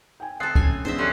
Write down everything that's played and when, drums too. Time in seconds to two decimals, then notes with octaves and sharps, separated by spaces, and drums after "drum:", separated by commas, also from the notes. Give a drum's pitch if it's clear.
0.20 G5 G#5
0.40 C4 A4 D#6 F#6 A6 C7
0.55 A2 C#4 G#5, drum: kick
0.85 E2 G#3 C#4 D4 C5 D#5 E5
0.98 G3 C#4 D4 A4 C#5 C6 F#6 C7